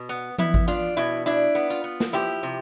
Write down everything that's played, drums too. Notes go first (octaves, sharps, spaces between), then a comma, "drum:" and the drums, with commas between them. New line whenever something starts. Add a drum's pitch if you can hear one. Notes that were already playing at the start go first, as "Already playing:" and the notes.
Already playing: B2
B3
B3 E4, drum: tom E3
drum: kick G#1
D4 F4
B2 E4
D4 E4
B3
F4
B3
drum: snare
F3 E4 G4
C3